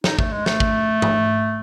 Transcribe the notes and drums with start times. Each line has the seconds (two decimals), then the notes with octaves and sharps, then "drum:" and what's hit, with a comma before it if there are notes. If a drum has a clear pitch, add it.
0.04 D#4, drum: snare
0.19 A3, drum: kick
0.32 G#3
0.46 A3, drum: snare
0.60 drum: kick
1.02 drum: tom G#2